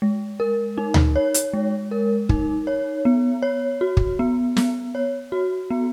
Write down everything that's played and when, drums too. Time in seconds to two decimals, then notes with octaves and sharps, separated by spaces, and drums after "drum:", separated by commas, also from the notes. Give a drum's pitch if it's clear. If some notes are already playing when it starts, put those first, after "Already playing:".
0.02 G#3
0.40 A#4
0.78 D#4
0.94 drum: tom D2
1.16 C#5
1.34 drum: hi-hat
1.53 G#3
1.91 A#4
2.29 D#4, drum: kick
2.67 C#5
3.05 B3
3.43 C#5
3.81 F#4
3.97 drum: kick
4.19 B3
4.57 B3, drum: snare
4.95 C#5
5.32 F#4
5.70 B3